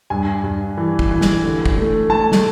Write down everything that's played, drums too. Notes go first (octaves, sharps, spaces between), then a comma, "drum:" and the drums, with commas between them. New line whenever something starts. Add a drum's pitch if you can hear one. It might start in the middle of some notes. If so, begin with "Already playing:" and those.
G2 G#5
G2
E3
drum: kick
E3
drum: snare
D3
drum: kick
A3
A3 A5
drum: snare